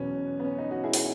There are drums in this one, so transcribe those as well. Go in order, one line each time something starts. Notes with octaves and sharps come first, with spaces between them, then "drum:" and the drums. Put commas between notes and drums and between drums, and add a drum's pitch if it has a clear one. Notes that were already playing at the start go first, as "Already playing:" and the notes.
Already playing: E2 B2 F#3 B3 C#4
B3
C#4
B3 D#4
D#4 F#4
E4 G#4
drum: open hi-hat